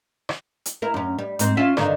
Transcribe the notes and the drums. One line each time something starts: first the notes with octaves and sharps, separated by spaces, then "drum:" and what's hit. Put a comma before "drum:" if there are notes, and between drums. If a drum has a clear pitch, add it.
drum: rim click
drum: hi-hat
E4 A#4
F#2 C#4
G3
G#2 C4, drum: hi-hat
C#4 F4 E5
G2 D3 D#3, drum: rim click